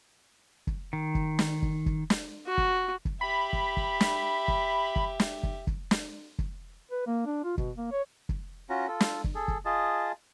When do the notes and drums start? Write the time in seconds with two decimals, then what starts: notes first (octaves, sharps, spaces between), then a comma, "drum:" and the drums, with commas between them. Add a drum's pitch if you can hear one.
0.67 drum: kick
0.93 D#3
1.15 drum: kick
1.39 drum: snare
1.62 drum: kick
1.86 drum: kick
2.10 drum: snare
2.48 F#4
2.58 drum: kick
3.05 drum: kick
3.21 G4 E5 B5
3.53 drum: kick
3.77 drum: kick
4.00 drum: snare
4.48 drum: kick
4.96 drum: kick
5.20 drum: snare
5.43 drum: kick
5.67 drum: kick
5.91 drum: snare
6.39 drum: kick
6.91 B4
7.07 A#3
7.26 D4
7.44 F4
7.58 B2, drum: kick
7.77 A#3
7.92 C#5
8.29 drum: kick
8.69 C#4 F4 F#4 A#5
8.88 F4 A4
9.00 drum: snare
9.24 drum: kick
9.35 G#4 A4
9.48 drum: kick
9.65 F4 G#4 D#5 A5